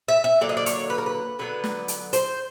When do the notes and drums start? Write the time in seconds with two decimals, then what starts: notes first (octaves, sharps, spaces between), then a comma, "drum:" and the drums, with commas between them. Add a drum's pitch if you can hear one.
0.08 E5
0.24 E5
0.41 D3 F#3 A#3 D5
0.49 D#5
0.57 D5
0.66 C#5, drum: hi-hat
0.90 B4
0.98 A#4
1.06 B4
1.39 D3 F#3 B3 B4
1.64 drum: snare
1.88 drum: hi-hat
2.13 C5, drum: hi-hat